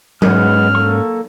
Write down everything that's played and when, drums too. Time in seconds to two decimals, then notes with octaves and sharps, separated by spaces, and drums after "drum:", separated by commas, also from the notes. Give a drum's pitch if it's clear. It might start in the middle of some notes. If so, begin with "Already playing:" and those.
0.22 G#2 G#3 B3 C#4 F#4 F6, drum: tom F#3
0.75 A#3 A4 C#6